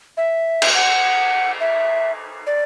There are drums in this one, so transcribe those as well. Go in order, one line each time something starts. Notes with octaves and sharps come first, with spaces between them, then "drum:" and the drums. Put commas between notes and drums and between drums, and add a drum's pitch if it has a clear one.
E5
drum: cymbal
F#5
E5
D5